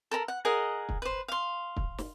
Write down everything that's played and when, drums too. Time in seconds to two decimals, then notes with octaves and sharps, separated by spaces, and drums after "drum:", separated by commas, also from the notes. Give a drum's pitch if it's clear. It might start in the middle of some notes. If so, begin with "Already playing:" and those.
0.11 A4 A#4 A#5 B5
0.28 F#5
0.45 G#4 A#4 D#5 F#5
0.89 drum: kick
1.02 B4 C5
1.28 F5 C6
1.76 drum: kick
1.98 drum: snare